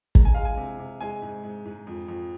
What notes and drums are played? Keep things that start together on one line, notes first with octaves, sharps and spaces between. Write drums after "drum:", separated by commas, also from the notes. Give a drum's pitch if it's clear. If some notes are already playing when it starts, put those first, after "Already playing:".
G#3 A#5, drum: kick
G#5
G#3 F5
G#5
C3
C3
G#3 G#5
G#2
G#2
G#2
F2
F2